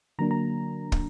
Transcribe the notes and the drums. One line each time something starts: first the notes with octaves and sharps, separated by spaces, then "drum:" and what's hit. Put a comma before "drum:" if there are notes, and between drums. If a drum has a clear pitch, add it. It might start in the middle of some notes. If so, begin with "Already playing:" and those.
D3 F#3 A#3 D4 A#5
A#5
drum: kick